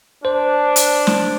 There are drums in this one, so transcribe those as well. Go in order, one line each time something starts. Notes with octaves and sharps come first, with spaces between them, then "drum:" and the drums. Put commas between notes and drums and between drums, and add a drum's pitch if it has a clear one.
D4 C5
drum: hi-hat
drum: snare